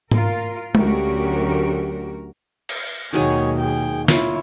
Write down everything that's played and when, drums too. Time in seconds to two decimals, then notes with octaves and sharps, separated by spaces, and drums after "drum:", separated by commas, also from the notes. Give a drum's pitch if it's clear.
0.11 F4 A#4, drum: tom G#2
0.75 D2 F#3 C#4 F#4 G4 A#4, drum: tom G#3
2.69 drum: cymbal
3.13 D#2 B2 D#3 F#3 G#3 G#4 C#5
3.59 G#4 G5
4.08 E4 F4 C#5, drum: snare